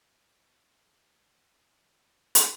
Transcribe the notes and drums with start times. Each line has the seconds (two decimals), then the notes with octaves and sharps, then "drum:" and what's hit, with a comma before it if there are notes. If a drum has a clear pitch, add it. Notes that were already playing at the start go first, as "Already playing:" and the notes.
0.09 G4
0.24 G4
1.21 F#4
1.34 F#4
1.48 G4
1.62 A4
1.76 G4
1.89 F#4
2.03 G3
2.17 D4
2.35 drum: hi-hat